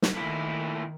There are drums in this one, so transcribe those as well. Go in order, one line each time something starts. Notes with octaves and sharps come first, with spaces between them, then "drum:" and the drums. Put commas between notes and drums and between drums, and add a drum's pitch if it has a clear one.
drum: snare
A#2 D#3 A3 E4